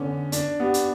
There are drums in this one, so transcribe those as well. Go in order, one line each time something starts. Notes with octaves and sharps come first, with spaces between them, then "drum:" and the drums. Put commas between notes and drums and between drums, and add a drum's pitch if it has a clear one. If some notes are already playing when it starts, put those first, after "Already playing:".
Already playing: D3 B3 C#4
D4, drum: hi-hat
B3 G4
drum: hi-hat